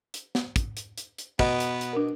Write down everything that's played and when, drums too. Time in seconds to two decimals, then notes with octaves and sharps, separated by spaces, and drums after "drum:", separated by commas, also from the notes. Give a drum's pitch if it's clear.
0.14 drum: hi-hat
0.35 drum: snare
0.56 drum: kick, hi-hat
0.77 drum: hi-hat
0.98 drum: hi-hat
1.18 drum: hi-hat
1.39 B2 B3 D#5, drum: kick
1.60 drum: hi-hat
1.81 drum: hi-hat
1.93 D4 A#4